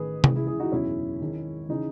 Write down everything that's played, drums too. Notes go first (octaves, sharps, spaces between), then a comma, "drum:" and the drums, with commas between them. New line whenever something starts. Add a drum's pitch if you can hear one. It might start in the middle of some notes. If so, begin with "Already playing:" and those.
Already playing: A1 D#3 G#4 B4
C#2 C#3 E3, drum: tom
E4 G#4
E4 G#4
D#4 F#4
F#1 E2 B2 C#4 E4
G#1 G#2 D#3
C#3 E3 D#4